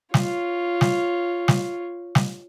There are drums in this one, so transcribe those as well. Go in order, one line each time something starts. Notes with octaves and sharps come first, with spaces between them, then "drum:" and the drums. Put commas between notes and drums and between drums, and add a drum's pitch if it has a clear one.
F4 C#5, drum: snare
drum: snare
drum: snare
drum: snare